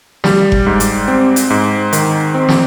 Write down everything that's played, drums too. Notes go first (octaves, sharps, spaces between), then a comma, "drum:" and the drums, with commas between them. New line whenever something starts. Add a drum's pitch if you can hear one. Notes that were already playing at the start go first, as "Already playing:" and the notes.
G3, drum: snare
drum: kick F#1
G#2
drum: hi-hat
C4
drum: hi-hat
G#2
D#3, drum: hi-hat
C4
drum: snare